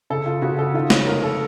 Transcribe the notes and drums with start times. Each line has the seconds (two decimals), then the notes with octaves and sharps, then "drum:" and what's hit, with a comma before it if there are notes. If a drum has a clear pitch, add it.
0.10 C#3 A4
0.26 F4
0.42 C#3 F#4
0.59 A4
0.74 D#3 F4
0.90 C#4, drum: snare
1.06 F1 A#4
1.24 A4